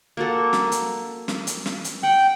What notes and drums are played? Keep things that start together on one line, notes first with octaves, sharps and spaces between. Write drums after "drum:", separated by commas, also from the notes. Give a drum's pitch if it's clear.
A#3 F#4 A4
drum: snare
drum: hi-hat
drum: snare
drum: hi-hat
drum: snare
drum: hi-hat
F#5 G5